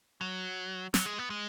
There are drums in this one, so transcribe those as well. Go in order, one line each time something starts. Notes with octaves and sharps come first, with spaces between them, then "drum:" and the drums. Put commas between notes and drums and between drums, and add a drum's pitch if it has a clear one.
F#3
F#3, drum: snare
G#3
B3
G#3